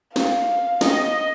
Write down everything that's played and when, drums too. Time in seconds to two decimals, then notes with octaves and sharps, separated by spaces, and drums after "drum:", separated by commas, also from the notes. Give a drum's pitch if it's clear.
0.16 F5, drum: snare
0.81 D#5, drum: snare